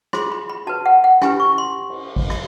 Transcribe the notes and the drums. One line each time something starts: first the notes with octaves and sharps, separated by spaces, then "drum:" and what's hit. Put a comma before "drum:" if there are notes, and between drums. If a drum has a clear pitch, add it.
F4 G#4 C5 C6, drum: rim click
B5
B5
F#4 B4 A5
F#5
F#5
C#4 E4 G4 B4 G#5, drum: rim click
C#6
C6
drum: cymbal
drum: kick G#1, cymbal
drum: rim click